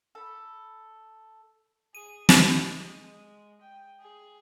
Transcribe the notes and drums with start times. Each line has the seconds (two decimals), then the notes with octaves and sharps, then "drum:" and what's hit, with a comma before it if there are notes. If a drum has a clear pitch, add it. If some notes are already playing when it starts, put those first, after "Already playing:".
0.15 A4 B5
1.95 G#4 D#7
2.29 D#4, drum: snare
2.78 G#3
3.61 G5
4.00 G#4